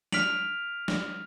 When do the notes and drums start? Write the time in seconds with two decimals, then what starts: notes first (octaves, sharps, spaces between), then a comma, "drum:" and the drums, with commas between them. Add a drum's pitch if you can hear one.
0.12 F6 B6 D7 F7 F#7, drum: snare
0.88 drum: snare